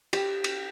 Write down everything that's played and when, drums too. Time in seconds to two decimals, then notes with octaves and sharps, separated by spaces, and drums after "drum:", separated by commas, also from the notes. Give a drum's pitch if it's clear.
0.13 G4, drum: cymbal
0.44 drum: cymbal